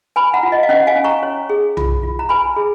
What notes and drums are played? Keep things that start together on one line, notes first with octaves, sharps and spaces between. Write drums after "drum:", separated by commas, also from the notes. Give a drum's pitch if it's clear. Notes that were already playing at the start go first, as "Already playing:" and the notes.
B4 G#5 B5
F#5 A#5
F4
D#5
F5
C#4 D#5 F#5
F5 G#5
C#4
A#5 C#6
C#5
G#4
F4, drum: tom B1
F4
A#5
B4 G#5 B5
G#4